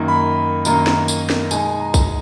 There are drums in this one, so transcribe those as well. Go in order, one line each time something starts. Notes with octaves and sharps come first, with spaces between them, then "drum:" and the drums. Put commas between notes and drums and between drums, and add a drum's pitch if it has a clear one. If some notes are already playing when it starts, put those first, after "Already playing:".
Already playing: F#2 D#3 A#3 D#4
B5
F#2 D#3 A#3 D#4 A#5, drum: tambourine
drum: snare
drum: tambourine
drum: snare
B2 G#3 D#4 G#5, drum: tambourine
A#5
drum: kick, tambourine